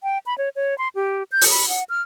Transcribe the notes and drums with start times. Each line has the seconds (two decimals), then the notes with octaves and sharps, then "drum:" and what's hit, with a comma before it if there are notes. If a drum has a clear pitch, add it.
0.03 G5
0.26 B5
0.38 C#5
0.56 C#5
0.78 C6
0.95 G4
1.32 G6
1.41 drum: open hi-hat
1.51 B5
1.69 F#5
1.89 F6